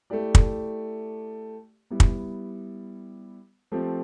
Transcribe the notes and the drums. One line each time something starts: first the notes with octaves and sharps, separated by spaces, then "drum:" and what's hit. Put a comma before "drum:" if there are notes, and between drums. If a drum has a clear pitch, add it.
A3 E4 G4 D5
drum: kick
G3 B3 E4
drum: kick
F3 A3 C4 G4